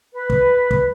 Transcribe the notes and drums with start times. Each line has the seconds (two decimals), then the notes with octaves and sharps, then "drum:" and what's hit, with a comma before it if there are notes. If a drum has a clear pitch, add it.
0.13 B4
0.30 drum: kick
0.71 drum: kick